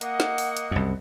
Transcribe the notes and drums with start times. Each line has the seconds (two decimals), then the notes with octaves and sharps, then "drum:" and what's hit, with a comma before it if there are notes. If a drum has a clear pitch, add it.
0.01 A#3 D#5 F#5, drum: hi-hat
0.20 drum: snare
0.38 drum: open hi-hat
0.57 drum: hi-hat
0.71 C2 F#2